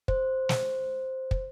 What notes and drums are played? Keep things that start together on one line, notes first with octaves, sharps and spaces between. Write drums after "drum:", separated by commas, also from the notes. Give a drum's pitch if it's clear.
C5, drum: kick
drum: snare
drum: kick